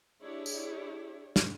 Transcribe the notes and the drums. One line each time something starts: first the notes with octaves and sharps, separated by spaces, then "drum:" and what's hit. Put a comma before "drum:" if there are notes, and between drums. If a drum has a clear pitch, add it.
D4 E4 G4 G#4 C#5
drum: tambourine
drum: snare